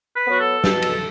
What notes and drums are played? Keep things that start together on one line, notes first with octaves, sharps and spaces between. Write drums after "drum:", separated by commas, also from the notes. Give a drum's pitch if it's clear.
B4
F#3 B3 F#4
A4
B2 A4, drum: snare
drum: cymbal